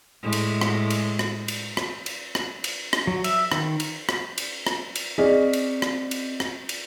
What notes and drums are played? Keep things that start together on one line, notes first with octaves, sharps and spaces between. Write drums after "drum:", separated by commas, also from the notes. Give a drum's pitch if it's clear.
A2 G#3
drum: cymbal
drum: rim click
drum: cymbal
drum: rim click
drum: cymbal
drum: rim click
drum: cymbal
drum: rim click
drum: cymbal
drum: rim click
F#3
E5, drum: cymbal
D#3, drum: rim click
drum: cymbal
drum: rim click
drum: cymbal
drum: rim click
drum: cymbal
C4 G#4 D5 D#5 B6
drum: cymbal
drum: rim click
drum: cymbal
drum: rim click
drum: cymbal